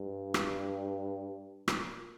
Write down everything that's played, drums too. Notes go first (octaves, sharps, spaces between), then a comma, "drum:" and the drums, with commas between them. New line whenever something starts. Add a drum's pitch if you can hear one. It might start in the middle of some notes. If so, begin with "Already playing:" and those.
Already playing: G2
drum: rim click
A#2, drum: rim click